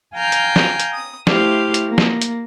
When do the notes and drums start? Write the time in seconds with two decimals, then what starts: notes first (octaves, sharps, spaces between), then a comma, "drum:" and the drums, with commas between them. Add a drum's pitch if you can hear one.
0.16 F5 G5 G#5 A#5 F6 G6
0.32 drum: hi-hat
0.56 drum: snare
0.80 drum: hi-hat
0.93 D#6
1.27 A3 E4 G4 C5 F5, drum: snare
1.74 drum: hi-hat
1.87 A#3
1.98 drum: snare
2.22 drum: hi-hat